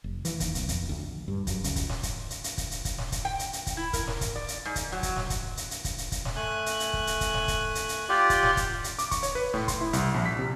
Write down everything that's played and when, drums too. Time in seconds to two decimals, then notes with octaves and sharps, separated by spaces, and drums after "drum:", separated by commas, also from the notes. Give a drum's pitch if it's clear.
0.04 F1
0.25 E3, drum: hi-hat
0.40 D#2, drum: kick, hi-hat
0.55 B1, drum: hi-hat
0.69 F2, drum: kick, hi-hat
0.89 D2
1.08 A#1
1.28 G2
1.47 F#2, drum: kick, hi-hat
1.64 C#2, drum: hi-hat
1.76 drum: kick, hi-hat
1.90 drum: snare
2.03 drum: kick, hi-hat
2.30 drum: hi-hat
2.44 drum: hi-hat
2.58 drum: kick, hi-hat
2.71 drum: hi-hat
2.85 drum: kick, hi-hat
2.99 drum: snare
3.12 drum: kick, hi-hat
3.25 G5
3.39 drum: hi-hat
3.53 drum: hi-hat
3.67 drum: kick, hi-hat
3.77 E4
3.93 A#4, drum: kick, hi-hat
4.07 drum: snare
4.21 drum: kick, hi-hat
4.36 D5
4.48 drum: hi-hat
4.65 G#2
4.76 drum: kick, hi-hat
4.92 F#3
5.03 drum: kick, hi-hat
5.16 drum: snare
5.30 drum: kick, hi-hat
5.57 drum: hi-hat
5.71 drum: hi-hat
5.85 drum: kick, hi-hat
5.98 drum: hi-hat
6.12 drum: kick, hi-hat
6.25 drum: snare
6.36 A3 G#5 F#6
6.66 drum: hi-hat
6.80 drum: hi-hat
6.93 drum: kick
7.07 drum: hi-hat
7.21 drum: kick, hi-hat
7.34 drum: snare
7.48 drum: kick, hi-hat
7.75 drum: hi-hat
7.89 drum: hi-hat
8.09 F4 G4 D5 F#5 C6
8.30 drum: kick, hi-hat
8.43 drum: snare
8.57 drum: kick, hi-hat
8.84 drum: hi-hat
8.99 D6, drum: hi-hat
9.11 C#6, drum: kick, hi-hat
9.23 C#5, drum: hi-hat
9.35 B4
9.54 A2, drum: snare
9.68 C6, drum: kick, hi-hat
9.81 E4
9.93 C2, drum: hi-hat
10.14 A#1
10.26 B6
10.39 C3